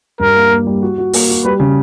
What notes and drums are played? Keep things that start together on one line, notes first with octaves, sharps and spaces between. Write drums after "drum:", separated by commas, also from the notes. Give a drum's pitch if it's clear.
G2 A#4
A#3
A#3
G3
F#4
F#4
A#3, drum: open hi-hat
F#4
G3 B4
C#3